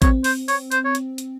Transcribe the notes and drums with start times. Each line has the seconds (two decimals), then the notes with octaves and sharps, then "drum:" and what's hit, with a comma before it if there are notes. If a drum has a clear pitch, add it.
0.02 C4 C#5, drum: kick A1, hi-hat
0.24 C5, drum: open hi-hat
0.48 C#5, drum: open hi-hat
0.72 C5, drum: hi-hat
0.85 C#5
0.95 drum: hi-hat
1.18 drum: hi-hat